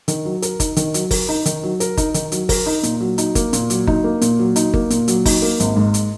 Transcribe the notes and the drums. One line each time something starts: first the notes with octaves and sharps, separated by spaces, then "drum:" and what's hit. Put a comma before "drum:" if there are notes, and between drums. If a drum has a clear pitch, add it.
D#3, drum: hi-hat
F#3
A#4, drum: hi-hat
D#4, drum: kick G1, hi-hat
D#3, drum: hi-hat
F#3, drum: hi-hat
A#4, drum: kick G1, open hi-hat
D#4
D#3, drum: hi-hat
F#3
A#4, drum: hi-hat
D#4, drum: kick G1, hi-hat
D#3, drum: hi-hat
F#3, drum: hi-hat
A#4, drum: kick G1, open hi-hat
D#4
A#2, drum: hi-hat
F#3
D#4, drum: hi-hat
A#3, drum: kick G1, hi-hat
A#2, drum: hi-hat
F#3, drum: hi-hat
D#4, drum: kick G1
A#3
A#2, drum: hi-hat
F#3
D#4, drum: hi-hat
A#3, drum: kick G1
A#2, drum: hi-hat
F#3, drum: hi-hat
D#4, drum: kick G1, open hi-hat
A#3
G#1, drum: hi-hat
G#2
drum: hi-hat